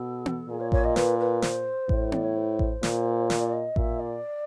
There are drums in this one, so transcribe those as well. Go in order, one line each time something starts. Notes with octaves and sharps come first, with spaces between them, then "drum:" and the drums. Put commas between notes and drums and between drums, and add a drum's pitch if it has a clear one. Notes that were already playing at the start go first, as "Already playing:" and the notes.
Already playing: B2 A4
drum: tom B3
A#2 G#4
C#5
C#5, drum: kick A1
D#5
B4, drum: snare
B4
C5, drum: snare
A2, drum: kick A1
D5, drum: tom B3
C#5
C5
drum: kick A1
A#2, drum: snare
D5, drum: snare
D#5
A#2 E5, drum: kick A1
D5